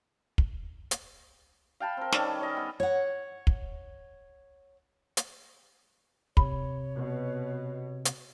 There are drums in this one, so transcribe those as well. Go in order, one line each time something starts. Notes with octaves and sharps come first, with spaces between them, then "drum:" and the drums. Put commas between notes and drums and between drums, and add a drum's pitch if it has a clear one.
drum: kick
drum: hi-hat
F5 G5 A5 B5
C4 A#4
D#3 G3 C#4 A4, drum: snare
C#5 D#5
B3
C#5 F#5
drum: kick
drum: hi-hat
C3 C#5 B5, drum: kick
B2
drum: hi-hat